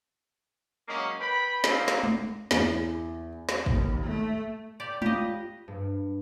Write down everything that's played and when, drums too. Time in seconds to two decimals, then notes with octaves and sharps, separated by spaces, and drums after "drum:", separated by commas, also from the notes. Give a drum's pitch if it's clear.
0.87 F#3 G#3 A#3 C#4
1.19 B4 G5 B5
1.64 D3 A#3 C4 D#4, drum: snare
1.88 drum: snare
2.03 drum: tom
2.51 E2, drum: snare
3.49 drum: snare
3.66 D#2, drum: kick
4.04 A3
4.80 G4 D5
5.02 F4 G4 D#5, drum: tom
5.68 G2